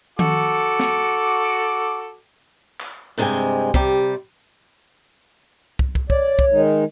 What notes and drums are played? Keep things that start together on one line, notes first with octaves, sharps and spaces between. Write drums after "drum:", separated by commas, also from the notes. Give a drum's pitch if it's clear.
F#4 A4 D6, drum: tom D#3
drum: snare
drum: clap
G2 C3 G#3 C4 G5 G#5
C3 G3 G4, drum: kick
drum: kick
drum: kick
C#5 D5, drum: kick
drum: kick
D#3 G#3 D#4